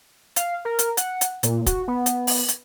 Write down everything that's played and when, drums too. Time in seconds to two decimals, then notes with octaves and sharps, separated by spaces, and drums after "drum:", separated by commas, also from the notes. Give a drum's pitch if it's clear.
0.36 F5, drum: hi-hat
0.65 A#4
0.79 drum: hi-hat
0.97 F#5, drum: hi-hat
1.21 drum: hi-hat
1.43 A#2, drum: hi-hat
1.66 F#4, drum: kick, hi-hat
1.88 B3
2.06 drum: hi-hat
2.27 drum: open hi-hat
2.48 drum: hi-hat